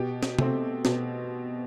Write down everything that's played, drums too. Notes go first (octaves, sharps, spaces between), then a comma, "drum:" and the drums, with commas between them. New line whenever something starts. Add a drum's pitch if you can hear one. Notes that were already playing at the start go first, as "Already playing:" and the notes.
Already playing: B2 G4
drum: snare
A3 C4, drum: tom C3
B2, drum: snare